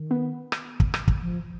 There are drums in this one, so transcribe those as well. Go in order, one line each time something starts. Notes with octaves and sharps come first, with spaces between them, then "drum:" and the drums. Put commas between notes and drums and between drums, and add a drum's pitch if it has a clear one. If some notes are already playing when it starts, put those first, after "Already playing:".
Already playing: D#3
B3
drum: rim click
drum: kick
drum: rim click
drum: kick
F3